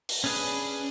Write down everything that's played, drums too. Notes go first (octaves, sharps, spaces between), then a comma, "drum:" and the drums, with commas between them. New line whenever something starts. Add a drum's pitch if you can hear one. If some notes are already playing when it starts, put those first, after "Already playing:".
drum: open hi-hat
C#4 D4 G#4 B4